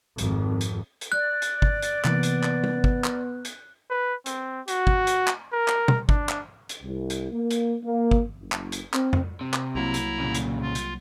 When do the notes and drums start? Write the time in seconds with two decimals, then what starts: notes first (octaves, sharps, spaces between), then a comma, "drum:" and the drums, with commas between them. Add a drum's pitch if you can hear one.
0.18 G#1 F2, drum: hi-hat
0.61 drum: hi-hat
1.01 drum: hi-hat
1.12 D5 F#6
1.42 drum: hi-hat
1.62 drum: kick
1.83 drum: hi-hat
2.04 C3 E3 A#3 B3, drum: clap
2.23 drum: hi-hat
2.43 drum: clap
2.64 drum: tom
2.84 drum: kick
3.04 drum: clap
3.45 drum: hi-hat
3.90 B4
4.26 C4, drum: hi-hat
4.68 F#4, drum: hi-hat
4.87 drum: kick
5.07 drum: hi-hat
5.27 drum: clap
5.53 A#4
5.68 drum: clap
5.88 drum: tom
6.09 D4, drum: kick
6.29 drum: clap
6.69 drum: hi-hat
6.83 C2
7.10 drum: hi-hat
7.31 A#3
7.51 drum: hi-hat
7.83 A#3
8.11 drum: kick
8.39 F#1
8.52 drum: clap
8.72 drum: hi-hat
8.94 C4, drum: clap
9.13 drum: tom F2
9.41 C3
9.53 drum: clap
9.75 C2 F#3 A#3 E4 A#5
9.94 drum: hi-hat
10.20 A#2 C#3
10.35 drum: hi-hat
10.62 F4
10.75 drum: hi-hat